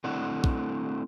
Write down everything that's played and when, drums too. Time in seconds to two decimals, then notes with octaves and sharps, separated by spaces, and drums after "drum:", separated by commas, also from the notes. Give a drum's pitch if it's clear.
0.04 A3 C4 D4 E4 F#5
0.44 drum: kick